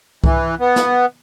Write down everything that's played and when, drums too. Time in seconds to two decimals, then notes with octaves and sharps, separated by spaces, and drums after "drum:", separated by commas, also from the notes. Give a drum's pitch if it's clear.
0.24 E3, drum: kick C2
0.60 B3
0.76 drum: snare